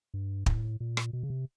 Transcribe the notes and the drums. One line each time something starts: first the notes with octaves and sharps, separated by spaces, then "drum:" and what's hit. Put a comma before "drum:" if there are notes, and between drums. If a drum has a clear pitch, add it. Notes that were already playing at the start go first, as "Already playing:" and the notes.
G2
A2, drum: kick
A#2
drum: rim click
B2
C#3
C3